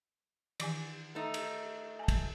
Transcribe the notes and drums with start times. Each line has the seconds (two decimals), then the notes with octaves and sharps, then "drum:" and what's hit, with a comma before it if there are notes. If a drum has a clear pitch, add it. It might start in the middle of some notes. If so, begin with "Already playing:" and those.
0.60 D#3 E3 G#5, drum: cymbal
1.15 A3 D#4
1.34 drum: cymbal
1.99 G#5 A5
2.08 drum: kick, cymbal